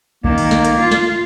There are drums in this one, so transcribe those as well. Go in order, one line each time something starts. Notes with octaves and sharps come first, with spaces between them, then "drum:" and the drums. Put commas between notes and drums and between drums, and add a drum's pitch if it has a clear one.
D#3 A#3, drum: kick B1
drum: open hi-hat
drum: snare
drum: hi-hat
F4
drum: snare